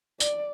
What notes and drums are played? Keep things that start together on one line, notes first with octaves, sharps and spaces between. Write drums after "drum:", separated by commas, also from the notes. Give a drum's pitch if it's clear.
D5, drum: tambourine